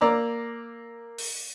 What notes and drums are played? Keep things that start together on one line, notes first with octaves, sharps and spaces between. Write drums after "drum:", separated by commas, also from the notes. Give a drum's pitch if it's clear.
A#3 D5 A#5 E6
drum: open hi-hat